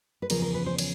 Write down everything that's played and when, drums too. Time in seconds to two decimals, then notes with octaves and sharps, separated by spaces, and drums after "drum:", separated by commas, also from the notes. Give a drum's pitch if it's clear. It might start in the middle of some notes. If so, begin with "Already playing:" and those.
0.22 B4
0.30 E2 C#3 F3 A#4, drum: cymbal
0.42 A#4
0.54 B4
0.66 C5
0.79 C#5, drum: cymbal